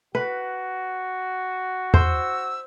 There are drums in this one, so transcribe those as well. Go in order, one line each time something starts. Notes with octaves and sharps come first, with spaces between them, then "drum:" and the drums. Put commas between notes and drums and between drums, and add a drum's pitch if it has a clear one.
F#4 B4
C5 E6, drum: tom E2